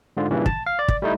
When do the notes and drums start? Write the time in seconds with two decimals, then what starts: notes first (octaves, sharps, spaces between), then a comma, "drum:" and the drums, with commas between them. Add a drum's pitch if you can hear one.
0.17 G#2 D3 F4
0.31 G2 A#2 C#3 E3
0.46 A5, drum: kick
0.66 F5
0.79 D5
0.88 drum: kick
1.02 G3 A3 D#4 E4